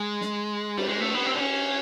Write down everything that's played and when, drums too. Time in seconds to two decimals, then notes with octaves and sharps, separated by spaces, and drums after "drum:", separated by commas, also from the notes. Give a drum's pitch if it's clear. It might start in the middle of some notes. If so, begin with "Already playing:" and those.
Already playing: G#3
0.21 drum: snare
0.77 G3, drum: cymbal
0.88 G#3
1.01 A3
1.14 B3
1.26 C4
1.35 D4
1.40 C#4